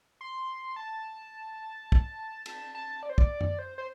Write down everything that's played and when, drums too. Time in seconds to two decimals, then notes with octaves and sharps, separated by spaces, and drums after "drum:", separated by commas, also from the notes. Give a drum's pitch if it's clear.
0.21 C6
0.76 A5
1.92 drum: kick
2.46 A5, drum: cymbal
2.75 A5
3.03 D5
3.09 C5
3.18 D5, drum: kick
3.41 drum: tom F#2
3.59 C5
3.78 C5